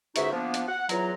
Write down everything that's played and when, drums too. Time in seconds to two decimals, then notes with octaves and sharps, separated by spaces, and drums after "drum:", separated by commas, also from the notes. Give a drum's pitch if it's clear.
0.16 C#2 G#2 D3 D#4 F#4 E5, drum: hi-hat
0.32 F3 A#3 B3 D4
0.54 drum: hi-hat
0.68 F#5
0.89 E2 F#3 F4 A#5, drum: hi-hat